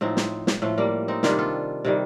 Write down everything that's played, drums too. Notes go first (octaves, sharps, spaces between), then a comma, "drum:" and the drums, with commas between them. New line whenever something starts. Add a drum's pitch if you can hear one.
A2 F3 C4 D#4
drum: snare
drum: snare
A2 F3 A3
G3 A#3
C4 D#4
C3 D#3 G3 D4 F4, drum: snare
F4 A4
C3 D#3 G3